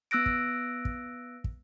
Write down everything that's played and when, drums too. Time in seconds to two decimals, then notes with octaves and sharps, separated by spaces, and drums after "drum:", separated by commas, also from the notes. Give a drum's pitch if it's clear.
0.11 B3 E6 F#6 A#6 D7
0.26 drum: kick
0.85 drum: kick
1.44 drum: kick